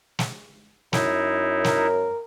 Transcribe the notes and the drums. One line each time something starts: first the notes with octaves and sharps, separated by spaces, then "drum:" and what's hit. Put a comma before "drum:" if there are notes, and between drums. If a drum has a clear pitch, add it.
drum: snare
F#2 D#4 E4, drum: snare
A#4, drum: snare